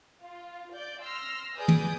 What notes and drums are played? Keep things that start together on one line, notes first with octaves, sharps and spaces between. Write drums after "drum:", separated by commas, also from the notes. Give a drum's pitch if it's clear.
F4
D5 G6
C6 E6 F6 A#6
G#4 B4 D5 D#6 G6
drum: tom